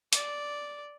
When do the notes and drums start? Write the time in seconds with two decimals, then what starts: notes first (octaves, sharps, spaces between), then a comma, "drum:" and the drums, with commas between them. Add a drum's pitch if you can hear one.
0.13 D5, drum: hi-hat